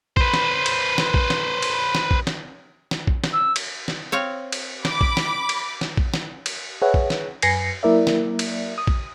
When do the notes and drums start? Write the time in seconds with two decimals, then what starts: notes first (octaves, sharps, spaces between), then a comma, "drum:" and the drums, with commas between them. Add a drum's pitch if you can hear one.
0.17 B4 C5, drum: kick A#1
0.34 drum: snare
0.66 drum: cymbal
0.98 drum: snare
1.14 drum: kick A#1
1.30 drum: snare
1.62 drum: cymbal
1.95 drum: snare
2.11 drum: kick A#1
2.27 drum: snare
2.91 drum: snare
3.07 drum: kick A#1
3.24 drum: snare
3.33 E6
3.56 drum: cymbal
3.88 drum: snare
4.12 C4 C#5 F5
4.52 drum: cymbal
4.85 B5 D6, drum: snare
5.01 drum: kick A#1
5.17 drum: snare
5.49 drum: cymbal
5.81 drum: snare
5.97 drum: kick A#1
6.14 drum: snare
6.46 drum: cymbal
6.82 G#4 B4 C#5 E5 F#5
6.94 drum: kick A#1
7.10 drum: snare
7.42 F#2 B4 G#5 A#6 C7 C#7, drum: cymbal
7.83 F#3 A#3 E4 A#4 D5 E5
8.07 drum: snare
8.39 drum: cymbal
8.78 D#6
8.87 drum: kick A#1